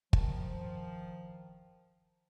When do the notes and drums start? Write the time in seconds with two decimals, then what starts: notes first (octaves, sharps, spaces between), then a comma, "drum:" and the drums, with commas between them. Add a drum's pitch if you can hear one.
0.13 D#3 F3, drum: kick